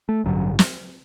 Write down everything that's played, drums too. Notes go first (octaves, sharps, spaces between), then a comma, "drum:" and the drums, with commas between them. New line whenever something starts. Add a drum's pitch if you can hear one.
A3
A1 G2 D3 F#3
drum: snare